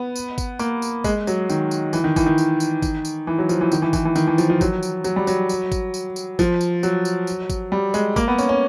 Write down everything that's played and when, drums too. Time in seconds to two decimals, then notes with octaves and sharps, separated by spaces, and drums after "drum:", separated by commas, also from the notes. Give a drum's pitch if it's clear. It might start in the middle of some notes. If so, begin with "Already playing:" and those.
Already playing: B3
0.16 drum: tambourine
0.38 drum: kick, tambourine
0.59 A#3, drum: tambourine
0.82 drum: tambourine
1.04 G#3, drum: kick, tambourine
1.27 F#3, drum: tambourine
1.50 D#3, drum: tambourine
1.71 drum: tambourine
1.93 E3, drum: tambourine
2.04 D#3
2.16 E3, drum: kick, tambourine
2.26 D#3
2.38 drum: tambourine
2.60 drum: tambourine
2.82 drum: kick, tambourine
3.05 drum: tambourine
3.27 E3
3.38 F#3
3.49 F3, drum: tambourine
3.61 E3
3.72 D#3, drum: tambourine
3.82 E3
3.93 E3, drum: kick, tambourine
4.05 E3
4.16 D#3, drum: tambourine
4.27 E3
4.38 F3, drum: tambourine
4.50 F3
4.61 F#3, drum: kick, tambourine
4.83 drum: tambourine
5.04 F#3, drum: tambourine
5.16 G3
5.27 F#3, drum: tambourine
5.49 drum: tambourine
5.72 drum: kick, tambourine
5.94 drum: tambourine
6.16 drum: tambourine
6.39 F3, drum: kick, tambourine
6.61 drum: tambourine
6.83 F#3, drum: tambourine
7.05 drum: tambourine
7.27 drum: tambourine
7.50 drum: kick, tambourine
7.72 G3
7.94 G#3, drum: tambourine
8.16 A#3, drum: kick, tambourine
8.28 B3
8.38 C#4, drum: tambourine
8.49 C#4